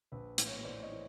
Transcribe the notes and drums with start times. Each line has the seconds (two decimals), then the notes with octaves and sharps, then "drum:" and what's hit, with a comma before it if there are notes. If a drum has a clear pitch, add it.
0.12 A#1 B4
0.38 A2 E3, drum: hi-hat
0.47 B4 C#5
0.65 A#1 C5 D5
0.83 C#5 D#5
0.92 E3